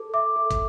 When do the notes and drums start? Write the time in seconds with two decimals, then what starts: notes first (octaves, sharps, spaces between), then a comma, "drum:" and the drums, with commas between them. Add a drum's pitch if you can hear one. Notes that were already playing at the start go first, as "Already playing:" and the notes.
Already playing: A4
0.14 E5 D6
0.36 A4
0.51 drum: kick, hi-hat